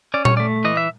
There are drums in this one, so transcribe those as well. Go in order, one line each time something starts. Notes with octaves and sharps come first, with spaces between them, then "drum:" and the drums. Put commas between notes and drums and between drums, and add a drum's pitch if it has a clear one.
C#4 D5
C#5, drum: tom A#2
A3 D5
E3 D#5
E5